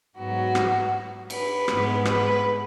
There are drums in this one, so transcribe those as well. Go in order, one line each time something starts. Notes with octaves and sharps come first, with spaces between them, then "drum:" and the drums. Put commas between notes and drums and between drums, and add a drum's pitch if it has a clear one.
G#2 F#3 B3 F#4
drum: rim click
B4, drum: cymbal
G#2 G#3 B3, drum: rim click
B4, drum: rim click